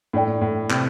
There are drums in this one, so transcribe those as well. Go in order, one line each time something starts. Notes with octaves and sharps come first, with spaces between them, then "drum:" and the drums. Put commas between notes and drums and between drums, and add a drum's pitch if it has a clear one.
A2 D4 A4 D5 G5
A2
C3, drum: clap